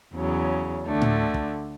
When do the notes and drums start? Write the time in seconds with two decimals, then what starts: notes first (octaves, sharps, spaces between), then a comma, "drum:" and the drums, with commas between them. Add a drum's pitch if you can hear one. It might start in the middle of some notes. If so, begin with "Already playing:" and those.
0.14 E2 C#3 F#3 C#4
0.87 D2 D3 A3 D4
1.01 drum: tom A2
1.34 drum: kick